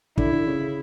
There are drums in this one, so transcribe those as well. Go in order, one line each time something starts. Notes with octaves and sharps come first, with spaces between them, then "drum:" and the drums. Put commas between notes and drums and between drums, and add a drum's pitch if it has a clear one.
D3 E4, drum: kick
D3
C#3